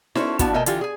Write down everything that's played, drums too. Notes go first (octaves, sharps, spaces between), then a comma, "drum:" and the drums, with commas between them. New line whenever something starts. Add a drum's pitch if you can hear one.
C#4 E4 F#4 A4 C5, drum: snare D#4
F3 B3 D4 E4 F#4, drum: kick, hi-hat
B2 A3 A#4 D#5 E5 G#5
D3 E3 F4 G4, drum: hi-hat
G#4 G#5